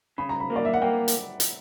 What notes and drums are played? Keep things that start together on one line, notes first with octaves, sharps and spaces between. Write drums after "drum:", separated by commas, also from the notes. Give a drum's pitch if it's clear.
C#3 B5
A#5
B5
A#3
D5
E5
F#5
A#3 G5
drum: hi-hat
drum: hi-hat